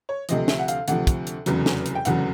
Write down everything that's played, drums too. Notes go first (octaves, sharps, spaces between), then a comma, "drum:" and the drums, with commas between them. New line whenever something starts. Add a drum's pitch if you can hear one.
C#5
D2 C3 F3 D#5, drum: hi-hat
E5, drum: snare
F#5
F5, drum: hi-hat
D2 C3 F3 F#5, drum: hi-hat
drum: kick, hi-hat
drum: hi-hat
F1 E2 C#3 F#3, drum: hi-hat
drum: snare
drum: hi-hat
G5
F1 E2 C#3 F#3 F#5, drum: hi-hat